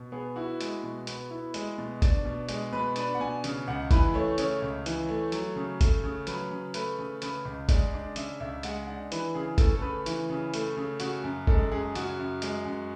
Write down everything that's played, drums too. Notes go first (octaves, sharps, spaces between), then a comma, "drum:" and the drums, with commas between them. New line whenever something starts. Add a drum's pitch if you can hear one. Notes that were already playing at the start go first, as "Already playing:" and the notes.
Already playing: B2
B3 G#4
E4 F#4
G#3, drum: hi-hat
B2
B3, drum: hi-hat
E4
G#3, drum: hi-hat
B2
D4, drum: kick G1, hi-hat
B2
G#3, drum: hi-hat
B2 B4
D4 B4, drum: hi-hat
F#5
B2 G#5
C#3, drum: hi-hat
C#2 F#5
E3 B4, drum: kick G1, hi-hat
A3 C#5
C#3 C#5, drum: hi-hat
C#2
E3, drum: hi-hat
A3
F#3, drum: hi-hat
C#3
A3, drum: kick G1, hi-hat
C#3
F#3 B4, drum: hi-hat
C#3
A3 B4, drum: hi-hat
C#3
C#3 B4, drum: hi-hat
C#2
G#3 D5, drum: kick G1, hi-hat
D4 D5
C#3 E5, drum: hi-hat
C#2 E5
G#3 F#5, drum: hi-hat
D4 F#5
E3 B4, drum: hi-hat
C#3 G#4
A3 A4, drum: kick G1, hi-hat
A4
C#3 B4
E3, drum: hi-hat
C#3
A3, drum: hi-hat
C#3
C#3 F#4, drum: hi-hat
F#2
G#3 A4, drum: kick G1
F#2 G#4
C#3 F#4, drum: hi-hat
F#2
G#3, drum: hi-hat
F#2